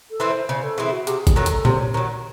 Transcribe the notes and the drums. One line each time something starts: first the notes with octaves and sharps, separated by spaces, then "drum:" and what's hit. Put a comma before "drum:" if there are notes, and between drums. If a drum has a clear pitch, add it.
A4
E3 C4 E4
C5
C#3 C5
A4
E3 C4 E4 G#4
F#4
C3 G#4, drum: hi-hat
drum: kick G#1, hi-hat
D#3 F#3 A4
drum: hi-hat
C3 C5, drum: tom A#2
C#5
D#3 F#3 C#5